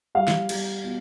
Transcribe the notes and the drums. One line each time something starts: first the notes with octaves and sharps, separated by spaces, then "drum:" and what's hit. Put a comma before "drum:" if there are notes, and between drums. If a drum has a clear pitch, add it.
G3 F5
drum: snare
G3, drum: cymbal
B2